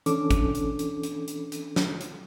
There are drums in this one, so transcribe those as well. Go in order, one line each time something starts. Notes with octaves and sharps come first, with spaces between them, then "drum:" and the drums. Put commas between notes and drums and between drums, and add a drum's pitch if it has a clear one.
E3 C#4 D4 A4 D6, drum: hi-hat
drum: kick, hi-hat
drum: hi-hat
drum: hi-hat
drum: hi-hat
drum: hi-hat
drum: hi-hat
drum: snare
drum: hi-hat